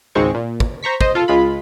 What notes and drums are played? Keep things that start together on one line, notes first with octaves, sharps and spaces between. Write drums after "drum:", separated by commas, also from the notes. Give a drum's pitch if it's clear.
G#1 C#2 G#2 G#3 C4 C#6
A#2
drum: kick
C5 A#5 C#6 B6
C5 D#5, drum: kick
F4 A4
C#2 G#3 F4 B5